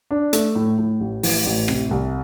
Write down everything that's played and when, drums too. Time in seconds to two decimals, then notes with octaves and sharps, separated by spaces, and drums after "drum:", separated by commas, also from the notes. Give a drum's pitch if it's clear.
0.11 D4
0.33 A3, drum: hi-hat
0.55 A2
0.79 A2
1.00 A1
1.23 E3, drum: open hi-hat
1.46 A1
1.68 C3, drum: rim click
1.91 C2